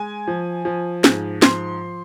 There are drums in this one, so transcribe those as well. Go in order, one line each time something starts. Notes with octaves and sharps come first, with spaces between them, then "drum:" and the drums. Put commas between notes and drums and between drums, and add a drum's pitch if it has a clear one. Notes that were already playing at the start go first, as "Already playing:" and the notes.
Already playing: G#3 G#5
F3
F3
G#2, drum: snare
F3 C6, drum: snare